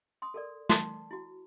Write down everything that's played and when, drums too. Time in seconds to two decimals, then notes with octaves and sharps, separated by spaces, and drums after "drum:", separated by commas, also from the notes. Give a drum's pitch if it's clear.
0.22 C6 D#6
0.34 A4 A#4 D5
0.69 A5 C6, drum: snare
1.11 E4 F#4